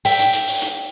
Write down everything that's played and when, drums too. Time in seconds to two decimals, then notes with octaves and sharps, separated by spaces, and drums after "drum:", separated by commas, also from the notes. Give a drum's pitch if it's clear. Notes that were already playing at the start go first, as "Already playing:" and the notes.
0.05 E5 G5, drum: open hi-hat
0.19 drum: hi-hat
0.34 drum: hi-hat
0.48 drum: open hi-hat
0.62 drum: hi-hat